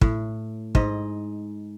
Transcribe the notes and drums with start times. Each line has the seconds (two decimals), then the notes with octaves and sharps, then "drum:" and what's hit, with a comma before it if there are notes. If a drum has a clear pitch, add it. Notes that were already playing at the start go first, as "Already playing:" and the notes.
0.01 A2, drum: kick
0.75 G#2 D#5, drum: kick